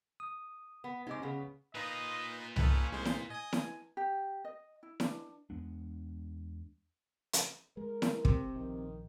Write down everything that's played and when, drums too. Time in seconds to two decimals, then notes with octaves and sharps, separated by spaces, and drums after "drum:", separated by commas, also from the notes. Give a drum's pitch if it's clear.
0.20 D#6
0.84 B3
1.07 C3 G#3 C#4 D#4 D6
1.22 C#3 B3 C#4 G#4
1.75 A#2 D#4 F4 B4 D#5
2.56 C#4 D#4 A4 B4, drum: tom C2
2.92 C2 G#3 C5
3.05 drum: snare E4
3.30 D#5 G#5 D#6
3.53 drum: snare E4
3.97 G4
4.45 D#5
4.83 E4
5.00 D4, drum: snare E4
5.50 E2 G#3 B3 D4
7.33 drum: hi-hat
7.77 G#3 A#4
8.02 drum: snare E4
8.25 C3, drum: kick
8.56 A#1 D#3